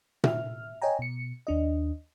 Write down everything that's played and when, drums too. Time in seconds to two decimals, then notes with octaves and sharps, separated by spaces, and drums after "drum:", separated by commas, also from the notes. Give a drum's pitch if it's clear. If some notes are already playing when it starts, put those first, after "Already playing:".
0.24 E5 F6, drum: tom A#2
0.82 C#5 D#5 G5 G#5 A#5
0.99 B2 C#7
1.47 D#2 D4 D#5